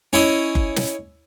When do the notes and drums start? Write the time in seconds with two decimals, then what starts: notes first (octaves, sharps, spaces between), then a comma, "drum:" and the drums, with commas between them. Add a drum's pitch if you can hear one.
0.13 C#4 E4 D#5
0.55 drum: kick F#1
0.76 drum: snare